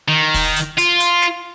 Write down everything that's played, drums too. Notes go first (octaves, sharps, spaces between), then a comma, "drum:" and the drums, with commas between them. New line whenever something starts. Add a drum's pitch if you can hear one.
D#3
drum: kick, open hi-hat
drum: hi-hat
F4, drum: hi-hat
drum: hi-hat
drum: snare